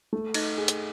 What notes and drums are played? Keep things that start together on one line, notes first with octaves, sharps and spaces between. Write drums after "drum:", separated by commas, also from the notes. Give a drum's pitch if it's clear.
A3
D#4, drum: cymbal
G#4
drum: hi-hat